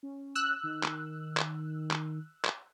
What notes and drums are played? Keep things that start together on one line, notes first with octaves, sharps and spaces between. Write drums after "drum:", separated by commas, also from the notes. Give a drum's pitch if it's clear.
C#4
E6 F#6
D#3
drum: clap
drum: clap
drum: clap
drum: clap